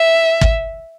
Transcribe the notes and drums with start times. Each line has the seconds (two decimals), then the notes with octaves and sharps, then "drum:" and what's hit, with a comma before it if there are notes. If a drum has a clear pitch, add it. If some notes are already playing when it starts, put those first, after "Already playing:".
Already playing: E5
0.41 drum: kick